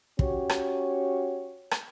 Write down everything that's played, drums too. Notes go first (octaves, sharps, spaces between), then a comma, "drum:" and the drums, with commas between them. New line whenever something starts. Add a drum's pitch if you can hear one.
C#4 F#4 G4 C#5, drum: kick
drum: rim click
drum: rim click